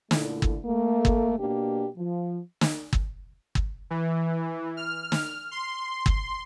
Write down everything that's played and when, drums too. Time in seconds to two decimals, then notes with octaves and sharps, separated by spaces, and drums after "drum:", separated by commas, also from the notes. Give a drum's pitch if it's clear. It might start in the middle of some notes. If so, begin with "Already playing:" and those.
0.11 A#2 D3 A3 E4, drum: snare
0.42 drum: kick G1
0.63 A3 A#3
1.05 drum: kick G1
1.38 B2 A#3 D4 G4
1.96 F3
2.61 drum: snare
2.93 drum: kick G1
3.55 drum: kick G1
3.90 E3
4.77 F6
5.12 drum: snare
5.51 C6
6.06 drum: kick G1